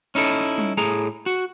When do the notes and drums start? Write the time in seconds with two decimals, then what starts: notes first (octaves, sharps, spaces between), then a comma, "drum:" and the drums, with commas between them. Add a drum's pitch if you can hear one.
0.15 C#4 D#4 E4 A4
0.58 drum: tom G3
0.77 A2 G#4 A#5
1.26 F#4